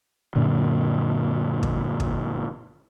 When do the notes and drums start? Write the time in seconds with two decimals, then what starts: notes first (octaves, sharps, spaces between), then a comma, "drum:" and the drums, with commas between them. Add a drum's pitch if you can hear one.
0.35 F#2 A#2 D3
1.63 drum: kick
2.00 drum: kick